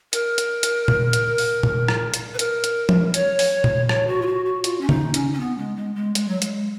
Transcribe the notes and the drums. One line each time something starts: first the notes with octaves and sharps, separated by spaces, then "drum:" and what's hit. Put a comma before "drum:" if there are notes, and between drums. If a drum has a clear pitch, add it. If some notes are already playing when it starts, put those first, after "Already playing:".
A#4, drum: hi-hat
drum: hi-hat
drum: hi-hat
drum: tom A#2
drum: hi-hat
drum: open hi-hat
drum: tom A#2
drum: rim click
drum: hi-hat
B4
A#4, drum: hi-hat
drum: hi-hat
drum: tom F3
C#5, drum: hi-hat
drum: open hi-hat
drum: tom A#2
C#5, drum: rim click
F#4
F4
F#4
F#4
F4, drum: hi-hat
C#4
D#4, drum: tom C#3
C#4, drum: hi-hat
C#4
B3
G#3
G#3
G#3
G#3, drum: hi-hat
F#3
G#3, drum: hi-hat